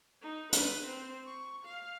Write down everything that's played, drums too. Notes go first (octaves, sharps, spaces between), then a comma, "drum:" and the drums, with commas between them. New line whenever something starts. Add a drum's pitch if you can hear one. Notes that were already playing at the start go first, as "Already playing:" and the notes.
D#4
B4, drum: hi-hat
C4
C#6
F5